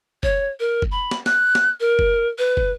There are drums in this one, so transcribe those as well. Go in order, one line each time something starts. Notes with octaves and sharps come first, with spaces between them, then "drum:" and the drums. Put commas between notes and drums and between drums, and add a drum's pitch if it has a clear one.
C#5, drum: kick
A#4
drum: kick
B5
drum: snare
F#6, drum: snare
drum: snare
A#4
drum: kick
B4
drum: kick